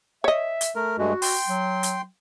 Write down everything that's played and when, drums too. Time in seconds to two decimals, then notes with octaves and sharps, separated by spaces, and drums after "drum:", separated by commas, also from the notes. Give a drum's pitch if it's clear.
0.24 C#5 D#5 E5
0.61 drum: hi-hat
0.75 A3 A#4
0.98 G2 G#3 A3 F#4
1.22 G5 C6, drum: open hi-hat
1.47 F#3
1.83 drum: hi-hat